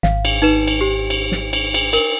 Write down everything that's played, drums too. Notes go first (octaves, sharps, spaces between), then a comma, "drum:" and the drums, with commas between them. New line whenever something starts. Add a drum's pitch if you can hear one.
G#1 F5, drum: snare
drum: cymbal
D#4 B4 E7
drum: cymbal
G4
drum: cymbal
drum: snare
drum: cymbal
drum: cymbal
A#4, drum: cymbal